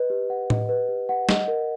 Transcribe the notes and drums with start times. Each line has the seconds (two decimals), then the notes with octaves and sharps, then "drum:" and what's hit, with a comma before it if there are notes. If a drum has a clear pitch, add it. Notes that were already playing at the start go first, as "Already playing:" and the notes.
Already playing: B4 D#5
0.10 G4
0.30 F#5
0.50 D#5, drum: tom A2
0.69 B4
0.89 G4
1.09 F#5
1.29 D#5, drum: snare
1.48 A#4